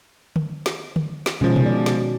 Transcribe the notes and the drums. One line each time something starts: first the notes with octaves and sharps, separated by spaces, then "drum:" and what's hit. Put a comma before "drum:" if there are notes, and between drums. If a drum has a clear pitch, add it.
drum: tom D3
drum: snare
drum: tom D3
drum: snare
B2 D#3 F3 G#3 C#4
drum: tom B2
D5
drum: snare